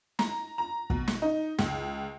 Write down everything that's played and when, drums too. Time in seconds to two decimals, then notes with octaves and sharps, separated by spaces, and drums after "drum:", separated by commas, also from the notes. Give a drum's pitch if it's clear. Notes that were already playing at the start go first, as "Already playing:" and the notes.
0.19 A#5, drum: snare
0.58 A#5
0.90 B2, drum: kick
1.08 drum: snare
1.22 D#4
1.58 C#2, drum: snare